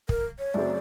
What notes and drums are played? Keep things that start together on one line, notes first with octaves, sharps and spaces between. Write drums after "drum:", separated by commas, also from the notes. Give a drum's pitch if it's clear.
A#4, drum: kick
C#5
F#2 C#3 F#3 A3 C4 D5